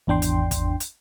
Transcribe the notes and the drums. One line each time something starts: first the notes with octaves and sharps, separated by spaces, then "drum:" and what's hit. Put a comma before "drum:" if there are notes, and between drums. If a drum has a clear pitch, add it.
G#1 E2 D4 G5 C6
drum: hi-hat
drum: kick, hi-hat
drum: hi-hat